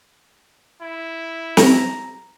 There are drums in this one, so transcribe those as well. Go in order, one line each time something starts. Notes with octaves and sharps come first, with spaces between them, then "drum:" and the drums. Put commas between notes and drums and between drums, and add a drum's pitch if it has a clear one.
E4
A#5, drum: snare